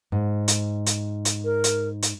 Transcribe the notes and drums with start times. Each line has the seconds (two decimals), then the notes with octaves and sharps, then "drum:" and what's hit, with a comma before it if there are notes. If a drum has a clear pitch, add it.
0.12 G#2
0.48 drum: hi-hat
0.86 drum: hi-hat
1.25 drum: hi-hat
1.44 A#4
1.64 drum: hi-hat
2.02 drum: hi-hat